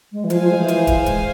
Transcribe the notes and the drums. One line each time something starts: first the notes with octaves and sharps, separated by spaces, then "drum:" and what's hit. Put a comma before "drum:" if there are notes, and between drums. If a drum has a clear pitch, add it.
G#3
E3
F3 G#4 C5 F5 G#5, drum: hi-hat
F3
G#3
E3
drum: hi-hat
drum: kick, hi-hat
G#3, drum: hi-hat